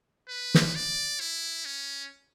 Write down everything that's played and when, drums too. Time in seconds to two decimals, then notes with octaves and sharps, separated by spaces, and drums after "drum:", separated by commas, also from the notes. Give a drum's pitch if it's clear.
0.29 B4
0.54 drum: snare
0.75 D5
1.20 E4
1.65 C#4